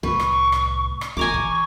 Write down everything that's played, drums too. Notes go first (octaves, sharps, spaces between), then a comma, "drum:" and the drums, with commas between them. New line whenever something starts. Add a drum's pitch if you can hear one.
C2 A2 B4 C#6
drum: rim click
drum: rim click
drum: rim click
E3 G#5 A#5 C#6 D6
drum: kick